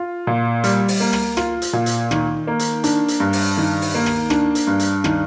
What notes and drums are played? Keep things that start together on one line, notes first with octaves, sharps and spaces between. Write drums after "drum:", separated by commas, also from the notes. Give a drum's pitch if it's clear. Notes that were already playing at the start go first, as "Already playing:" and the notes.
Already playing: F4
A#2
G3, drum: hi-hat
drum: open hi-hat
A#3
drum: rim click
F4, drum: rim click
drum: hi-hat
A#2
drum: hi-hat
D#3, drum: rim click
A#3
drum: hi-hat
D4, drum: hi-hat
drum: hi-hat
G2
drum: open hi-hat
D#3
drum: open hi-hat
A#3
drum: rim click
D4, drum: rim click
drum: hi-hat
G2
drum: hi-hat
D#3, drum: rim click